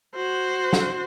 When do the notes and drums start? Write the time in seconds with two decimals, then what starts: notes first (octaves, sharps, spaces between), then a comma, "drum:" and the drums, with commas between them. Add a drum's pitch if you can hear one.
0.15 F#4 C5
0.73 drum: snare